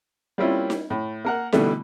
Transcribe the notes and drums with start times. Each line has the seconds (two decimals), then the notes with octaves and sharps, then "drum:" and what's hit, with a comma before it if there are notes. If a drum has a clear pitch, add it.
0.38 G3 A#3 C4 C#4 E4 F4
0.70 drum: snare D#4
0.90 A2
1.25 A#3 A#4 F#5
1.52 B2 D3 E3 G3 A3 B3, drum: snare D#4